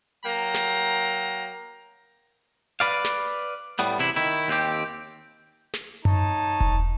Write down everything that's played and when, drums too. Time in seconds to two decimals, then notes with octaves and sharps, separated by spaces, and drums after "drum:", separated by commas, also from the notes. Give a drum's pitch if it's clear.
0.25 F#3 A#3 G5 A#5
0.54 drum: snare
2.80 B4 D5 F5
3.05 drum: snare
3.79 A2 G3 B3
3.98 E2 C3 E4
4.16 D#3 E4, drum: open hi-hat
4.48 D#2 C4 G4
5.74 drum: snare
6.05 D#4 C#5 A5, drum: tom F#2
6.60 drum: kick E1